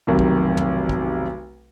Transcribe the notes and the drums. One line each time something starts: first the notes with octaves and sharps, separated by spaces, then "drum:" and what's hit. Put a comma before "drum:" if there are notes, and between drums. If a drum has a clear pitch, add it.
F1 B1 C3 D#3
drum: kick
drum: tom
drum: kick